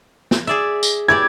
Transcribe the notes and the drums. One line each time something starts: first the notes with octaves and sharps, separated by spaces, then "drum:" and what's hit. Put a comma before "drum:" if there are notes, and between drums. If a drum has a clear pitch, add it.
drum: snare
G#4 D5 E5
drum: tambourine
E4 G4 D5 G#6